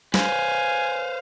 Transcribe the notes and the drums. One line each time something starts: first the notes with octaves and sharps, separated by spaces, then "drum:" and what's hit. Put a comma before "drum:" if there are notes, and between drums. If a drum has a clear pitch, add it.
B4 C5 F5 G#5, drum: snare